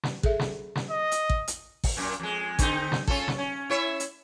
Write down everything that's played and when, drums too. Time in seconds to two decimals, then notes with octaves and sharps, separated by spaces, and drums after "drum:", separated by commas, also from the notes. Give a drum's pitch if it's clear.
0.03 drum: snare
0.23 G#4 A4 E5, drum: kick
0.39 drum: snare
0.75 drum: snare
0.90 D#5
1.12 drum: hi-hat
1.30 drum: kick
1.48 drum: hi-hat
1.84 drum: kick, open hi-hat
1.97 F#2 A#2
2.20 F2 G#3
2.59 D3 C4 D#4, drum: kick, hi-hat
2.92 drum: snare
3.08 C#4 F4 A4, drum: kick
3.28 drum: snare
3.38 C#4
3.70 E4 C#5 E5
4.00 drum: hi-hat